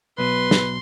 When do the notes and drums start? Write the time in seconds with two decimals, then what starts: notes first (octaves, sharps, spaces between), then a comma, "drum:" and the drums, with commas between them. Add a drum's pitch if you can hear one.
0.18 B1 B2 B4 C6
0.51 drum: snare